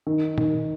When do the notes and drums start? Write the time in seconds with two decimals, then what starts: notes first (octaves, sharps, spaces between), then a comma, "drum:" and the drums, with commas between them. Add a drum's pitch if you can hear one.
0.07 D#3
0.38 D#3, drum: tom A#2